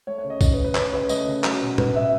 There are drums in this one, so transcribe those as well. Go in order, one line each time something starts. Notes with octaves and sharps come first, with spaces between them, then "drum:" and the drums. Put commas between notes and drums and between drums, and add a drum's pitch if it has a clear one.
A3 C#5
C#5
C#3
D#5
C#3 D#5, drum: kick, tambourine
B4
C#3
B4
C#3 C#5, drum: clap
C#3 B4
A3 D#5, drum: tambourine
C#3
F#3, drum: clap
B2
B2 B4, drum: tom
B2 E5